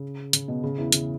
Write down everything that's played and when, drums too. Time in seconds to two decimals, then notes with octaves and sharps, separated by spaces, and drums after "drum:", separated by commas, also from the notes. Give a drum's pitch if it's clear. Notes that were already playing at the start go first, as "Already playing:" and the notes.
Already playing: C#3
0.33 C#3, drum: hi-hat
0.48 B2
0.64 C#3
0.78 E2 E3
0.92 C#3, drum: hi-hat